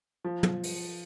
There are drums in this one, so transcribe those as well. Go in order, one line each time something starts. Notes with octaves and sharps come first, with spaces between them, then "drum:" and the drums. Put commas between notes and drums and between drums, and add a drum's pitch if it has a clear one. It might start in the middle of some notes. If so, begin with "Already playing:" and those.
F3
drum: tom
drum: open hi-hat